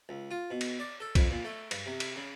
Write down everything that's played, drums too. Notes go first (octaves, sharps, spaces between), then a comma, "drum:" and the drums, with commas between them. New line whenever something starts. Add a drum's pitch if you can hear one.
C#2
F4
B2
drum: cymbal
D5
A4
F2, drum: kick, cymbal
A#2
A3
G2, drum: cymbal
C3
drum: cymbal
C#3